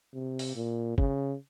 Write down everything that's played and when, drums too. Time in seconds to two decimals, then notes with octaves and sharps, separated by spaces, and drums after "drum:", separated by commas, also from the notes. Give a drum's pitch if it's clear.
0.13 C3
0.39 drum: open hi-hat
0.56 A#2
0.98 C#3, drum: kick